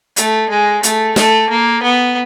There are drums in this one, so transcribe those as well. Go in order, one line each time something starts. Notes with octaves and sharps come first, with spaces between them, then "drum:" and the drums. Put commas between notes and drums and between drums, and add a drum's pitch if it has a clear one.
A3, drum: hi-hat
G#3
A3, drum: hi-hat
A3, drum: snare
A#3
B3